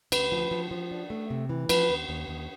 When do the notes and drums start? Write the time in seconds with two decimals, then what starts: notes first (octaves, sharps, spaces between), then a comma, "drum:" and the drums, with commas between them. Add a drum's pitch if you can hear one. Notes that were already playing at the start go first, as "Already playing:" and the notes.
0.12 D2 B4, drum: cymbal
0.32 F3
0.51 F3
0.71 F3
0.91 D4
1.10 A3
1.30 C3
1.50 E3
1.69 F3 B4, drum: cymbal
1.89 D#2
2.09 D#2
2.28 D#2